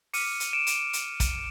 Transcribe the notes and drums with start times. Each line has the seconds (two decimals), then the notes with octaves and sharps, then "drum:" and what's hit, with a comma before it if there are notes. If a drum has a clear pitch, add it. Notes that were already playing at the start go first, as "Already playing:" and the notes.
0.14 D6 F6 C#7 D#7, drum: open hi-hat
0.40 drum: hi-hat
0.53 D7 E7
0.67 drum: hi-hat
0.93 drum: hi-hat
1.20 drum: kick, hi-hat